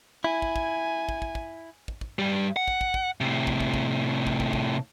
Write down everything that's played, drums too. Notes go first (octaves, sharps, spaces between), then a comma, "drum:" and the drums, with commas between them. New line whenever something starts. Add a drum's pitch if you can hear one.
E4 G#5
drum: kick
drum: kick
drum: kick
drum: kick
drum: kick
drum: kick
drum: kick
G2 G3
F#5
drum: kick
drum: kick
drum: kick
A2 C3
drum: kick
drum: kick
drum: kick
drum: kick
drum: kick
drum: kick